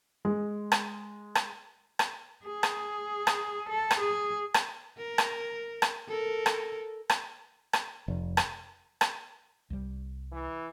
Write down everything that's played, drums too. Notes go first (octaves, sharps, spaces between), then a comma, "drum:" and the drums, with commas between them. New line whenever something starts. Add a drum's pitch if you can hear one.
G#3
drum: rim click
drum: rim click
drum: rim click
G#4
drum: rim click
drum: rim click
A4
drum: rim click
G#4
drum: rim click
A#4
drum: rim click
drum: rim click
A4 A#4
drum: rim click
drum: rim click
drum: rim click
F1
drum: rim click
drum: rim click
C2 G3
E3